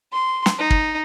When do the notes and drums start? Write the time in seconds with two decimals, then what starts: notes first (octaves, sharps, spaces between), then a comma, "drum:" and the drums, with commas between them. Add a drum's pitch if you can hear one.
0.13 C6
0.46 drum: snare
0.59 D#4
0.70 drum: kick